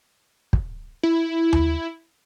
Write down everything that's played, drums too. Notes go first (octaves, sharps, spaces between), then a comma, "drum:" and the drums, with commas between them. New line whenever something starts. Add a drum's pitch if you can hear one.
drum: kick
E4
drum: tom D#2